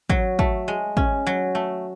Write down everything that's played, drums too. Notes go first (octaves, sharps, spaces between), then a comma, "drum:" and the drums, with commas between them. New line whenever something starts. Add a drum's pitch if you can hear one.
F#3, drum: kick
A3, drum: kick
G#3
C#4, drum: kick
F#3
A3